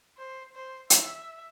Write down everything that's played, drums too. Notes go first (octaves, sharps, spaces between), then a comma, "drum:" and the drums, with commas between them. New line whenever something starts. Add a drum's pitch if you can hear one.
C5
C5
E5, drum: hi-hat